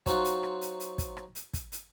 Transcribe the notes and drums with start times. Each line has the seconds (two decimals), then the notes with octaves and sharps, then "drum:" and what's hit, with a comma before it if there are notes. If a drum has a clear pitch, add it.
0.06 F#3 C4 D#4 F4 F#4, drum: kick, hi-hat
0.25 drum: hi-hat
0.43 drum: rim click
0.61 drum: hi-hat
0.80 drum: hi-hat
0.98 drum: kick, hi-hat
1.17 drum: rim click
1.35 drum: hi-hat
1.53 drum: kick, hi-hat
1.72 drum: hi-hat